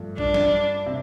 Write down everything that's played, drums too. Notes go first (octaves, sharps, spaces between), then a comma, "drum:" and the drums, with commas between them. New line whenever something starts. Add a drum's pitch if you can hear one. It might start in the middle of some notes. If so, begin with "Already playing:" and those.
Already playing: G2 F3 A3
D4, drum: kick
drum: snare
C3